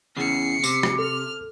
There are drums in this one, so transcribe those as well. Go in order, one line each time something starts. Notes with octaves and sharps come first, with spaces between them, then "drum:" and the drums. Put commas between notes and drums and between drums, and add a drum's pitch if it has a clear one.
E2 C#3 C7 C#7
C3, drum: tambourine
drum: rim click
A4 F6